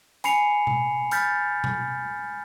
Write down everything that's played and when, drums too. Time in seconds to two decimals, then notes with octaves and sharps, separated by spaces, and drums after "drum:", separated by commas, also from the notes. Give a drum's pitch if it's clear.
0.24 G#5 B5 C7 C#7 F7, drum: hi-hat
0.67 drum: tom B2
1.11 B5 F6 G6 A6 B6, drum: hi-hat
1.64 drum: tom A#2